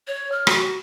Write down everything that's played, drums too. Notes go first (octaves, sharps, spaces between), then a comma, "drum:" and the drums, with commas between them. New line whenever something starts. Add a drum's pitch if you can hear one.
C#5
F6
F#4, drum: rim click